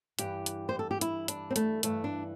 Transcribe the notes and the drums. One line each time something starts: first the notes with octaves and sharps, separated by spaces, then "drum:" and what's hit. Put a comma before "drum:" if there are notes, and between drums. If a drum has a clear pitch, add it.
G2 E3 G4, drum: hi-hat
drum: hi-hat
C5
A4
G4
E4, drum: hi-hat
D4, drum: hi-hat
C4
A3, drum: hi-hat
G2 E3 A3, drum: hi-hat
D4